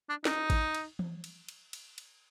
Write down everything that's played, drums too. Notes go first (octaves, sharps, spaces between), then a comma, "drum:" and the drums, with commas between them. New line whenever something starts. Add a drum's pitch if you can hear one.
D4
D#4, drum: snare
drum: kick A1, cymbal
drum: cymbal
drum: tom E3
drum: cymbal
drum: cymbal
drum: cymbal
drum: cymbal